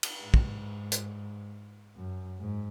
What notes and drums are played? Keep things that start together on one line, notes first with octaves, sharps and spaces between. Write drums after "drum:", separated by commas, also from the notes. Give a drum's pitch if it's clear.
drum: cymbal
G#2
drum: kick
drum: hi-hat
F#2
G#2